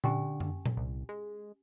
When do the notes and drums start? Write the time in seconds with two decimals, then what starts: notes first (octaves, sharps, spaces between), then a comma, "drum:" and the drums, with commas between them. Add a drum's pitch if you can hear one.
0.04 D3 C#4 G4 G#5, drum: tom A#2
0.40 drum: tom F#2
0.66 drum: tom A#2
0.77 C2
1.09 G#3